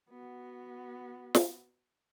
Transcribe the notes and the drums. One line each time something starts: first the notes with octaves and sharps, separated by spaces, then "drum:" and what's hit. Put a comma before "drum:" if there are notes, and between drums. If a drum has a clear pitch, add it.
B3 F#4
drum: snare